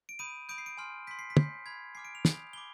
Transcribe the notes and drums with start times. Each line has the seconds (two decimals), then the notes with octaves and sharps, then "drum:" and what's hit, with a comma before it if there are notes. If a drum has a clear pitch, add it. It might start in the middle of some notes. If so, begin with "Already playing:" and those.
0.09 D7
0.19 B5 D#6 G6 D#7
0.49 B5 D#6 G6 D7
0.58 C7
0.66 D7
0.77 G#5 C6 F6
1.07 C6 G6 B6
1.19 C7
1.30 B6
1.37 C6 G6, drum: tom
1.66 B5 F6 G#6
1.95 G#5 D6 F6 C7
2.05 D7
2.15 F7
2.25 B5 D#6 G6, drum: snare
2.53 G#5 B5 D6 G7